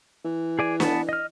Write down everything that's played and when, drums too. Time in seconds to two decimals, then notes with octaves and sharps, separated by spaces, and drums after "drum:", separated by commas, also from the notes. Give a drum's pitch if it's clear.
0.25 E3
0.59 G#4 D5 G#5
0.80 B3 A5, drum: snare
1.09 D#5 F6